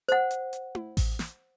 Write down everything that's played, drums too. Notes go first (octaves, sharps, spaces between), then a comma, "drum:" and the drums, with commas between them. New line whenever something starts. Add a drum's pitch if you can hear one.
C5 F#5, drum: hi-hat
drum: hi-hat
drum: hi-hat
drum: tom E4
drum: kick A1, open hi-hat
drum: snare